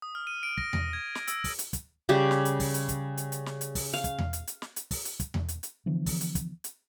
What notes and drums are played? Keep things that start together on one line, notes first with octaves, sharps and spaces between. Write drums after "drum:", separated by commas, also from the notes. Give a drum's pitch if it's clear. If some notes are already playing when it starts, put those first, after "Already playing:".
D#6
F6
D#7
D7
A#6, drum: kick
A#6, drum: tom E2
G#6
drum: snare
E6, drum: hi-hat
drum: kick, open hi-hat
drum: hi-hat
drum: kick, hi-hat
C#3 G3 G4
drum: snare
drum: hi-hat
drum: kick, open hi-hat
drum: hi-hat
drum: kick, hi-hat
drum: hi-hat
drum: hi-hat
drum: snare
drum: hi-hat
drum: kick, open hi-hat
F5
drum: kick, hi-hat
drum: tom E2
drum: hi-hat
drum: hi-hat
drum: snare
drum: hi-hat
drum: kick, open hi-hat
drum: hi-hat
drum: kick, hi-hat
drum: tom E2
drum: hi-hat
drum: hi-hat
D3 E3 F3 B3
drum: kick, open hi-hat
drum: hi-hat
drum: kick, hi-hat
drum: hi-hat